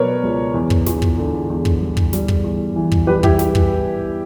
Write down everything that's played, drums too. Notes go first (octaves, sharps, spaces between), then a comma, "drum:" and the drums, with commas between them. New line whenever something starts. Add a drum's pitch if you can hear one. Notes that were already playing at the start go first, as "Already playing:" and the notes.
Already playing: B2 F#3 A#4 B4 C#5 D5
C#2
E2
drum: kick
E2, drum: snare
drum: kick
D3
E2
drum: kick
G3
drum: kick
G3, drum: snare
drum: kick
E2
E3
drum: kick
G3 G4 B4
E4 G4, drum: kick
drum: snare
drum: kick